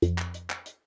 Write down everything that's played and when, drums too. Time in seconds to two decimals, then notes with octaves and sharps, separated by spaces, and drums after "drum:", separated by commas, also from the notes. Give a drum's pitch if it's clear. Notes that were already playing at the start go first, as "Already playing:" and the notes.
0.02 F2, drum: hi-hat
0.18 drum: clap
0.34 drum: hi-hat
0.50 drum: clap
0.66 drum: hi-hat